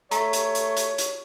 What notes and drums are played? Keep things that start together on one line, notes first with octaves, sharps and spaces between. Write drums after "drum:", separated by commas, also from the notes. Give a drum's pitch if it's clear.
A3 C#5 A#5, drum: hi-hat
drum: hi-hat
drum: hi-hat
drum: hi-hat
drum: hi-hat